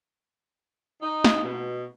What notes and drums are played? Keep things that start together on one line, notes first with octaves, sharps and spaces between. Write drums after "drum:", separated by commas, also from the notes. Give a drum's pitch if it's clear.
D#4
drum: snare
B2